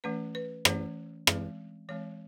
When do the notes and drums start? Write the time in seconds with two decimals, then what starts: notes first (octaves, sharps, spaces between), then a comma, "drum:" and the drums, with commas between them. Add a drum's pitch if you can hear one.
0.04 E3 A3 C#4 B4
0.35 B4
0.65 E3 A3 C#4 C5, drum: rim click
1.27 E3 G#3 C4, drum: rim click
1.89 E3 G#3 C4 C#5